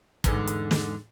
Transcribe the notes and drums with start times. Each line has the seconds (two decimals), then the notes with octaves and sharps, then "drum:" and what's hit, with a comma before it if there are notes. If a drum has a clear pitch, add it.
0.24 E2 G#2 D3, drum: kick, hi-hat
0.47 drum: hi-hat
0.71 drum: snare